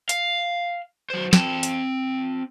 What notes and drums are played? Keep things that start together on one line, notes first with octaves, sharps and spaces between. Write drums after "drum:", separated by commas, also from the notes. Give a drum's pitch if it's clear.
F5, drum: hi-hat
F#3 C5
C4 A5, drum: snare
drum: hi-hat